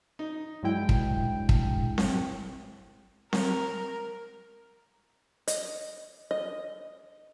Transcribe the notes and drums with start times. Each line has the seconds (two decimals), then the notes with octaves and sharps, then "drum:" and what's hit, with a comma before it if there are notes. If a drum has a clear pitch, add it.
0.19 D#4
0.63 G2 F#3 G#3 E4 G5
0.89 drum: kick
1.49 drum: kick
1.98 drum: snare C4
3.33 A#4, drum: snare C4
5.48 D#5, drum: hi-hat
6.31 D#5